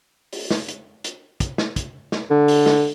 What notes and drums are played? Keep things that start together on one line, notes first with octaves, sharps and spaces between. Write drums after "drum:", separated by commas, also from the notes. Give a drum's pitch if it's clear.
drum: open hi-hat
drum: snare
drum: hi-hat
drum: hi-hat
drum: kick, hi-hat
drum: snare
drum: kick, hi-hat
drum: snare
D3
drum: open hi-hat
drum: snare